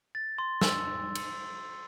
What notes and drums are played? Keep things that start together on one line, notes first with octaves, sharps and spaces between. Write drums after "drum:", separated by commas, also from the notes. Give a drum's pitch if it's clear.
A6
C6
E6, drum: snare
drum: cymbal